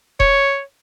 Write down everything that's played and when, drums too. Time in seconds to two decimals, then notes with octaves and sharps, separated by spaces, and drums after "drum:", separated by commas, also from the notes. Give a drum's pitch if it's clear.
0.20 C#5, drum: kick D#1